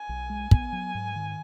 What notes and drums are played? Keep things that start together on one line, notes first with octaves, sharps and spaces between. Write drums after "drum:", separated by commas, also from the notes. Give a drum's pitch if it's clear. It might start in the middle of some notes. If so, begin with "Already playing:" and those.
Already playing: G#5
B1
G#3
B3, drum: kick
F#3
G#2
D#3